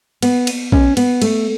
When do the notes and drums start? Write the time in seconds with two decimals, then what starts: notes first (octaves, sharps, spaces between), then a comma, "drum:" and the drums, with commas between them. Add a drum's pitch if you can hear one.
0.22 B3, drum: cymbal
0.47 drum: cymbal
0.72 C#4, drum: kick A#1
0.97 B3, drum: cymbal
1.22 A3, drum: cymbal